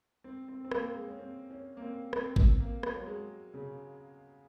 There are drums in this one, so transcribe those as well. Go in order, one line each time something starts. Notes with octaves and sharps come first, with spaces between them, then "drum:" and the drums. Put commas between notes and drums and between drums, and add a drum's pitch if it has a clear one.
C4
C4
C4
A#3, drum: rim click
G#3
C#4
C4
C#4
A#3
C4
C4, drum: rim click
drum: kick
A#3
drum: rim click
F#3
G#3
C#3